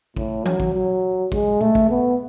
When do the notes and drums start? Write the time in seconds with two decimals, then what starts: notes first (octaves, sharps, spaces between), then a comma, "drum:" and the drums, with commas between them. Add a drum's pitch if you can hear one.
0.17 A2, drum: kick
0.46 F#3, drum: tom E3
0.60 drum: kick
0.74 F#3
1.32 G#3, drum: kick
1.61 A3, drum: tom A#2
1.75 drum: kick
1.90 B3